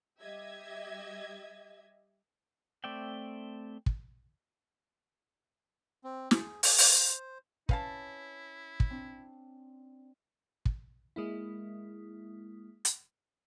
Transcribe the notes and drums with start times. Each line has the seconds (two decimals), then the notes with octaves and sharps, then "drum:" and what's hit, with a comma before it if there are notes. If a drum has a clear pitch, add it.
0.20 G3 G4 D#5 E5 G#6
2.84 A3 C4 D5 E5 G5
3.86 drum: kick
6.04 C4
6.31 G#4, drum: snare
6.63 G#4, drum: open hi-hat
6.78 C5, drum: open hi-hat
7.69 C#4 E4 B4 F5 A5, drum: kick
8.80 drum: kick
8.90 C4 D4
10.65 drum: kick
11.16 G#3 A#3 E4
12.85 drum: hi-hat